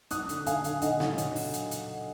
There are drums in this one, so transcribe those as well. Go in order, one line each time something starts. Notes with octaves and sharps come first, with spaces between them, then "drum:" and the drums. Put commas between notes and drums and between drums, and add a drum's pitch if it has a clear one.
F#3 D#6 F#6, drum: hi-hat
D3, drum: hi-hat
D3 F5 G#5, drum: hi-hat
D3, drum: hi-hat
D3 D#5 F#5, drum: hi-hat
F#3, drum: snare
drum: hi-hat
drum: open hi-hat
drum: hi-hat
drum: hi-hat